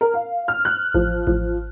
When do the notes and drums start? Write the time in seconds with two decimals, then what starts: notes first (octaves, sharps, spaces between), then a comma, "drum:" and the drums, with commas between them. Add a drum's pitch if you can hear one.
0.01 A#4
0.14 F5
0.48 F6
0.65 F#6
0.94 F3, drum: kick A1
1.27 F3, drum: kick A1